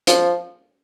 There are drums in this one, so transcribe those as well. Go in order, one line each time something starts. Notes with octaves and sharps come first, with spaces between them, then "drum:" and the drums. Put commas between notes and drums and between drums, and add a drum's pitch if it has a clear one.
F3, drum: hi-hat